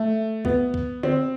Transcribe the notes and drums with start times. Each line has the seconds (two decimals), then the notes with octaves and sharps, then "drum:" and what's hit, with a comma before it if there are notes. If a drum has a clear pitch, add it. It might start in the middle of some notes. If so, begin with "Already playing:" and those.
Already playing: A3
0.45 B3, drum: kick C#2
0.74 drum: kick C#2
1.03 C4, drum: tom D3